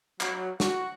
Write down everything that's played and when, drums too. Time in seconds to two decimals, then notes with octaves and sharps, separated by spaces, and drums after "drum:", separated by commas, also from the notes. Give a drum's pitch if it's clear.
0.21 F#3, drum: clap
0.60 F#4, drum: snare